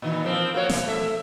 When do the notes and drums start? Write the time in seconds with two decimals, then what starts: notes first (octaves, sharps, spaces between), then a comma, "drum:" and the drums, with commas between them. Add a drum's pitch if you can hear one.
0.02 A#2 D#3 E3
0.24 F3 A#3 C4
0.54 A#3 F#4 C#5
0.69 G#2 B2, drum: snare
0.84 A3 E5